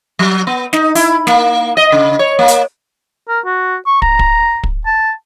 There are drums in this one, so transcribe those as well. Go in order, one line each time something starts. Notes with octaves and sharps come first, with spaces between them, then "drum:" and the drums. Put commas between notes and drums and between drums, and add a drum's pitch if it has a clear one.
F#3
B3
D#4, drum: snare
E4, drum: open hi-hat
A#3, drum: snare
D#5
C#3
C#5
A#3
drum: hi-hat
A#4
F#4
C#6
A#5, drum: kick
drum: kick
drum: kick
A5